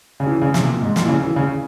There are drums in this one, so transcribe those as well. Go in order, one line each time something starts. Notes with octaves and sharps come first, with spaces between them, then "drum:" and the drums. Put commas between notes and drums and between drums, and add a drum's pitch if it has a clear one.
C#3
E3
C#3
C3, drum: snare
A#2
G#2
A#2, drum: snare
E3
C#3
E3
C#3